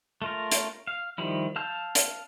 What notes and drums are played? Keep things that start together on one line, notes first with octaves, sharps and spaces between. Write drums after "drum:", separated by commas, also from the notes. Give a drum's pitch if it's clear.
A3 F4 A#4
drum: hi-hat
F5
D#3 F3 G3 E4
F5 A5 E6 G6
drum: hi-hat